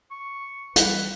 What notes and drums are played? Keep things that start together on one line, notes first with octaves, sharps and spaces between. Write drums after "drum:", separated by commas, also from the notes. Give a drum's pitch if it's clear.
C#6
E3 G3 B4, drum: hi-hat